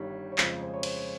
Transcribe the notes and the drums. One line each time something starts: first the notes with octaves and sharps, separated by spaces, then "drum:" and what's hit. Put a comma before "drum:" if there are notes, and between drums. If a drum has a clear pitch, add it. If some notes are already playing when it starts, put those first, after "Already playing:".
Already playing: G1 G2 D#3 G3 C#5
C#5
F2 C#3 G#3 C5, drum: clap
C5
C#5
C5, drum: cymbal